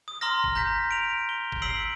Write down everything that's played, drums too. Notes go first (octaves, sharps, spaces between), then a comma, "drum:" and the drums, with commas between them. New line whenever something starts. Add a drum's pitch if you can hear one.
D#6
A#5 C6 D#6 F6 A#6
drum: kick
A#5 G6 A#6 B6
D7 F7
G7
drum: kick
E6 B6 C7 D7 F#7